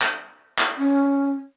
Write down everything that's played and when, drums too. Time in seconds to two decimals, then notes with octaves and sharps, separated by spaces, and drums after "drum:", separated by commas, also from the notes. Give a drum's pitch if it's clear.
0.01 drum: clap
0.58 drum: clap
0.77 C#4